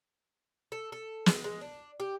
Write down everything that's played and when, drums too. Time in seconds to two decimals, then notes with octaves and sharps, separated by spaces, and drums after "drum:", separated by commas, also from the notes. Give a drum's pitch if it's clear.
0.72 A4
0.92 A4
1.26 G#3, drum: snare
1.44 G#3
1.61 D4
2.00 G4